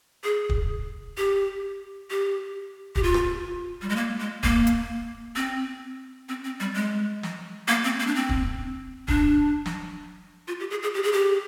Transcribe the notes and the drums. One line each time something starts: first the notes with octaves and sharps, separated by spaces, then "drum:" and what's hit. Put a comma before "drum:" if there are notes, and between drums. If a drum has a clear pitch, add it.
G#4
drum: kick
G4
G4
G4, drum: kick
F4
drum: rim click
G3
G#3
A#3
G#3
A#3, drum: kick
drum: hi-hat
C4
C4
C4
G3
G#3
drum: snare
A#3
C4
A#3
D4
C4
drum: kick
D4, drum: kick
drum: snare
F4
G4
G#4
G#4
G4
G#4
G4